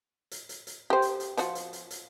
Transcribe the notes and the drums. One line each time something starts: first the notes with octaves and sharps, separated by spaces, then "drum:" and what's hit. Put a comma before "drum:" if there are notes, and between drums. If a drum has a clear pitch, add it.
drum: hi-hat
drum: hi-hat
drum: hi-hat
G4 C5
drum: hi-hat
drum: hi-hat
F3 F4 F#4, drum: hi-hat
drum: hi-hat
drum: hi-hat
drum: hi-hat